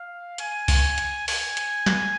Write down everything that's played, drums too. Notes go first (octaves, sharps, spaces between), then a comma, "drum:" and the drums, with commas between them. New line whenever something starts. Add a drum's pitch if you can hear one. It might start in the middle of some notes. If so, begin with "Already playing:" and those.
Already playing: F5
G#5, drum: hi-hat
drum: kick C2, open hi-hat
drum: hi-hat
G#5, drum: open hi-hat
drum: hi-hat
drum: snare